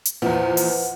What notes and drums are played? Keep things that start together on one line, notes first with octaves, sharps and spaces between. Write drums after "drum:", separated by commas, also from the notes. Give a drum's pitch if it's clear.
drum: hi-hat
E2 A#2 F3 B4 D#5 F#5
drum: open hi-hat